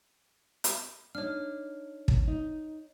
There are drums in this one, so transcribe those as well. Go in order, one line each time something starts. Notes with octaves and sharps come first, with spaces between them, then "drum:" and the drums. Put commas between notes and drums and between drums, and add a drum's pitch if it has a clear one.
drum: hi-hat
D4 D#4 C#5 F6
drum: kick
D#4